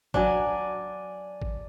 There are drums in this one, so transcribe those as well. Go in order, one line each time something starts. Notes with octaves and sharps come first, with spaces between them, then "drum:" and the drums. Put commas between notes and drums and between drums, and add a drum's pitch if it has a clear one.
F#3 D4 D5 G#5, drum: kick
drum: kick